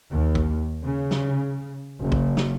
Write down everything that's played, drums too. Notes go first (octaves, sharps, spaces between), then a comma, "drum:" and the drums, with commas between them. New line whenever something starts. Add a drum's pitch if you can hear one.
D#2
drum: kick A#1
C#3
drum: snare
F#1
drum: kick A#1
drum: snare